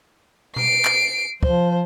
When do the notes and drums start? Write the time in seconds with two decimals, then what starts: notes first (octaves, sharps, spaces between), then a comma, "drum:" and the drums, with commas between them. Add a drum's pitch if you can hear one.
0.56 C7 D7, drum: tom B2
0.85 drum: clap
1.43 F3 C5, drum: kick